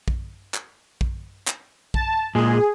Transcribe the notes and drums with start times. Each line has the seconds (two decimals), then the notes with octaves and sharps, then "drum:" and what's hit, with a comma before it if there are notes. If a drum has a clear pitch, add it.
0.08 drum: kick A#1
0.54 drum: clap
1.01 drum: kick A#1
1.47 drum: clap
1.94 A5, drum: kick A#1
2.35 A#2 G#3 G#4